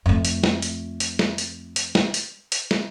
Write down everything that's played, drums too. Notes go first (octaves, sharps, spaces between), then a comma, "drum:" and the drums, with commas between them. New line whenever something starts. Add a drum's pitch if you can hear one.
F2 A3
drum: hi-hat
drum: snare
drum: hi-hat
drum: hi-hat
drum: snare
drum: hi-hat
drum: hi-hat
drum: snare
drum: hi-hat
drum: hi-hat
drum: snare